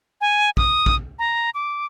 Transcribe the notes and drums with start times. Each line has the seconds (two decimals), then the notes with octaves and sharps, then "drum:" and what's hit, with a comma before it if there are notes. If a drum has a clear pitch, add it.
0.21 G#5
0.57 D#6, drum: kick
0.86 drum: kick
1.19 A#5
1.55 D6